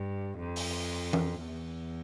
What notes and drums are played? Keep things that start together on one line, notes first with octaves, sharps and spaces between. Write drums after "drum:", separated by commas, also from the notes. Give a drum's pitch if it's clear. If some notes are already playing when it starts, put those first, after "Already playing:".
Already playing: G2
F2
drum: open hi-hat
drum: tom E3
E2